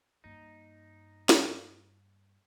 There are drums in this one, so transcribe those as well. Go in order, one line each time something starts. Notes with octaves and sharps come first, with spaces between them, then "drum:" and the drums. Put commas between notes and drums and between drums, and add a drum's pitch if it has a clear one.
G2 A#3 D#4
drum: snare